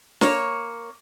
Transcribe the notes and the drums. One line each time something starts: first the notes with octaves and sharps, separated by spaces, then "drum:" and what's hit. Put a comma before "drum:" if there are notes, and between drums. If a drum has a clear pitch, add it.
A#3 C#5, drum: snare